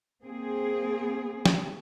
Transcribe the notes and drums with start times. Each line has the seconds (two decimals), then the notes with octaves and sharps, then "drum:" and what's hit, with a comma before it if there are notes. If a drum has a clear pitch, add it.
0.23 A#3 C4 G#4
1.46 drum: snare